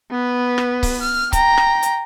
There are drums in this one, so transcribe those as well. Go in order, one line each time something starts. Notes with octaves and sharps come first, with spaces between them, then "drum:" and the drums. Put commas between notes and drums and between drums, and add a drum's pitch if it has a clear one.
B3 B4
drum: rim click
drum: kick C#1, open hi-hat
F6
G5 A#5, drum: kick C#1, hi-hat
drum: rim click
drum: hi-hat